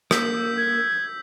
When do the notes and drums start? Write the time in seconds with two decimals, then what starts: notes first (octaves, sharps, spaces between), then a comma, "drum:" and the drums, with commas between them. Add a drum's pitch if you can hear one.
0.11 A#3 E6 G6 B6, drum: rim click
0.57 G#6